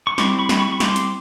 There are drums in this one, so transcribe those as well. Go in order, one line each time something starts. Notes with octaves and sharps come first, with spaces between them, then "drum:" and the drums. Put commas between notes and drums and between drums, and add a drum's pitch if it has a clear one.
C#6
G3 C4 E4 C6 D6, drum: snare
B5 C#6
drum: snare
B5 C#6
C#6
C6 D6, drum: snare
drum: hi-hat